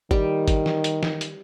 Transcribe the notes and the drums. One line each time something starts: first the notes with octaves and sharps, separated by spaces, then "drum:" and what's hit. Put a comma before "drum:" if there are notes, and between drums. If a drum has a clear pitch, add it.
D#3 G3, drum: kick G#1
drum: kick G#1, hi-hat
drum: snare
drum: hi-hat
drum: snare
drum: hi-hat